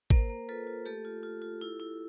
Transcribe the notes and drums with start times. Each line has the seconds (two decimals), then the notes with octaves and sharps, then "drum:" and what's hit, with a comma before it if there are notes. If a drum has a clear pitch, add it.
0.10 A#3 A#4 C5, drum: kick
0.29 A#3
0.49 F4 A4 B4
0.67 F4
0.86 A3 G4 A4
1.05 F4
1.23 F4
1.42 F4
1.61 E4
1.80 E4